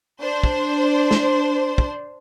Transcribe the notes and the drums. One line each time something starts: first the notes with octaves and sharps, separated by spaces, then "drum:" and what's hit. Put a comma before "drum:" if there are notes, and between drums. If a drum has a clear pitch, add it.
D4 C5
drum: kick
drum: snare
drum: kick